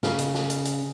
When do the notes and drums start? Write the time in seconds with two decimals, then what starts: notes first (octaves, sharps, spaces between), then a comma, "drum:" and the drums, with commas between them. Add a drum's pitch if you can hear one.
0.03 C#3, drum: snare
0.19 drum: hi-hat
0.34 drum: snare
0.50 drum: hi-hat
0.65 drum: hi-hat